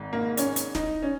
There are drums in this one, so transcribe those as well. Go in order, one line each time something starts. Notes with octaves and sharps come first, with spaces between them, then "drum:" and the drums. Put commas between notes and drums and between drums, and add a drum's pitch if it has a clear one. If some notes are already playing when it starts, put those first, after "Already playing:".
Already playing: G#1 G#2 D#3
A#3
C#4, drum: hi-hat
drum: hi-hat
D#4, drum: snare
C#4